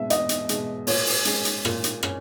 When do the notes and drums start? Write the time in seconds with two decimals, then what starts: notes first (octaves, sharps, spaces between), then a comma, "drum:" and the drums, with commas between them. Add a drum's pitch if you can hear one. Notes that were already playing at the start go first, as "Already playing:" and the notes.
Already playing: B2 G#3 E5
0.10 E2 D#5, drum: hi-hat
0.29 drum: hi-hat
0.49 B2 G#3, drum: hi-hat
0.87 A#2 C#5, drum: open hi-hat
1.06 drum: open hi-hat
1.25 G#3 C#4, drum: hi-hat
1.45 drum: hi-hat
1.65 A#2, drum: rim click
1.84 drum: hi-hat
2.03 C#4, drum: rim click